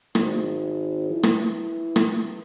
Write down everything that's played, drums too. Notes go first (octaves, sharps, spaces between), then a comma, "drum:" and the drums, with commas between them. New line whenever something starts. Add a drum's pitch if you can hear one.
G#1, drum: rim click
E3
drum: rim click
drum: rim click